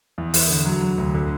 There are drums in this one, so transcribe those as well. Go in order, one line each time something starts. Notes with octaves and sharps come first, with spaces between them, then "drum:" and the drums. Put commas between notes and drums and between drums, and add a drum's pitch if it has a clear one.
E2
E2, drum: open hi-hat
D3
F#3
F#3
D2
D3